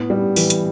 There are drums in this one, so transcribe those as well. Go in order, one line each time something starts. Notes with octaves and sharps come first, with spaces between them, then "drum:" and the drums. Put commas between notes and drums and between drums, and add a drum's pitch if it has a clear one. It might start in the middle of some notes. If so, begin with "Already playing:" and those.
Already playing: A2 B3
G3
E3, drum: open hi-hat
drum: hi-hat